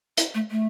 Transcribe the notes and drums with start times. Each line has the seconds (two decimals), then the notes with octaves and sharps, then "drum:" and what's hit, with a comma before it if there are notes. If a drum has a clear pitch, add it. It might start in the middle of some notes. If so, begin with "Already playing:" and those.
0.17 E4, drum: hi-hat
0.34 A3
0.51 A3